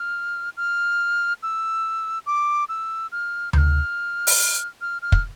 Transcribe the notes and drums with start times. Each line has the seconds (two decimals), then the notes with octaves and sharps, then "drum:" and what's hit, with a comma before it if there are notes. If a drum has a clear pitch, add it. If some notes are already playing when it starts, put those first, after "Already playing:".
Already playing: F6
0.57 F6
1.43 E6
2.26 D6
2.69 E6
3.12 F6
3.53 G6, drum: tom D2
3.58 F6
4.27 drum: open hi-hat
4.81 F6
5.02 F6
5.12 drum: kick